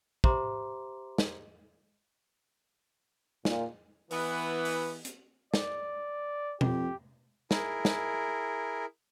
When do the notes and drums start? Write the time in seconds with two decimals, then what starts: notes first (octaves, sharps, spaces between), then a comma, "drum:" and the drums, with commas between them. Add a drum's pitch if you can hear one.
0.24 G4 C5 E5 A#5 C6 D6, drum: kick
1.18 drum: snare
3.45 A#2, drum: snare
4.11 E3 B3, drum: open hi-hat
4.65 drum: open hi-hat
5.05 drum: hi-hat
5.54 D5, drum: snare
6.61 F2 G4, drum: tom B2
7.51 E4 G#4 A#4, drum: snare
7.85 drum: snare